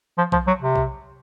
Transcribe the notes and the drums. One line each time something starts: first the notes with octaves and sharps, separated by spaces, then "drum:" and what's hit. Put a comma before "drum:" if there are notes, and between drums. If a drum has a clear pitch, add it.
F3
F3, drum: kick B1
F#3
C3
drum: kick B1